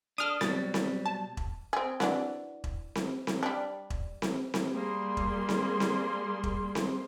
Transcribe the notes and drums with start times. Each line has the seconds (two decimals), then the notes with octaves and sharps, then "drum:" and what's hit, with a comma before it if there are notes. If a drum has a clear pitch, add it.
0.18 D4 G#4 A4 D#6 F6
0.41 B2 F#3 G3 A6, drum: snare C4
0.74 drum: snare C4
1.06 A5
1.37 drum: kick E1
1.73 C4 G#4
2.00 E3 D4 F#4, drum: snare C4
2.64 drum: kick E1
2.95 drum: snare C4
3.27 drum: snare C4
3.43 G3 D4
3.90 drum: kick E1
4.22 drum: snare C4
4.54 drum: snare C4
4.71 G3 A#3 G#4 C6
5.17 drum: kick E1
5.49 drum: snare C4
5.80 drum: snare C4
6.44 drum: kick E1
6.75 drum: snare C4